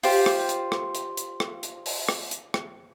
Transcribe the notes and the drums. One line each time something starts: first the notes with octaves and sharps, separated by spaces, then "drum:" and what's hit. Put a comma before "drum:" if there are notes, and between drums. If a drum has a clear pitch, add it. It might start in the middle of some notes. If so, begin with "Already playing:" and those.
F4 G4 C5, drum: open hi-hat
drum: rim click
drum: hi-hat
drum: rim click
drum: hi-hat
drum: hi-hat
drum: rim click
drum: hi-hat
drum: open hi-hat
drum: rim click
drum: hi-hat
drum: rim click